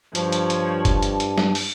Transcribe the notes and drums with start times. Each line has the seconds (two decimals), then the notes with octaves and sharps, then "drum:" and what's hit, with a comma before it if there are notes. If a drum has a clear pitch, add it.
0.15 G2 F3 C#5 A5, drum: hi-hat
0.32 drum: hi-hat
0.50 drum: hi-hat
0.85 drum: kick F#1, hi-hat
1.03 drum: hi-hat
1.20 drum: hi-hat
1.38 drum: snare
1.55 drum: open hi-hat